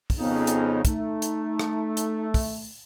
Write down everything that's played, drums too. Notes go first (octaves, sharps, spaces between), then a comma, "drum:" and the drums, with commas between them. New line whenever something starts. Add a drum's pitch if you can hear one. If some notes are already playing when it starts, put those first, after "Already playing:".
drum: kick, open hi-hat
F2 C#3 B3 D#4
drum: hi-hat
A3 D#4, drum: kick, hi-hat
drum: hi-hat
drum: rim click
drum: hi-hat
drum: kick, open hi-hat